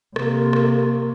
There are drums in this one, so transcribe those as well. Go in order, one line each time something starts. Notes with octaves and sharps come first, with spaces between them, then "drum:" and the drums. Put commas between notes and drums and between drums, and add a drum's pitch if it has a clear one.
C3 A#3, drum: rim click
drum: rim click